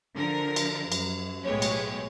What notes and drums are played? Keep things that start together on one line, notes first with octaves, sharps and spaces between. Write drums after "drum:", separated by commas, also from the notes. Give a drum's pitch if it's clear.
D3 F3 A#4
drum: cymbal
F#2, drum: cymbal
B1 A2 G#3 B3 G4 C#5
drum: cymbal